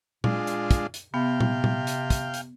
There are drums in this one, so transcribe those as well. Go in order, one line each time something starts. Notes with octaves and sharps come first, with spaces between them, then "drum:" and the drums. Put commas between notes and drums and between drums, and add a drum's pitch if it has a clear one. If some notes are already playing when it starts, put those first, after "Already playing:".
A#2 G#3 D4 F4, drum: tom A#2
drum: hi-hat
drum: kick, hi-hat
drum: hi-hat
C3 B3 F5 G5
drum: tom A#2
drum: tom A#2
drum: hi-hat
drum: kick, hi-hat
drum: hi-hat